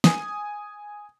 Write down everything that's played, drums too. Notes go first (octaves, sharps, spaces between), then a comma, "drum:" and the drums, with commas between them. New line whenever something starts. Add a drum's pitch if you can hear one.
G#5 D#6, drum: snare